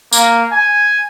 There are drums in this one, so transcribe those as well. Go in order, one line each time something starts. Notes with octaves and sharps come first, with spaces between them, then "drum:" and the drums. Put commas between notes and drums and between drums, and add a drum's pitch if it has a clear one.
A#3, drum: tambourine
G#5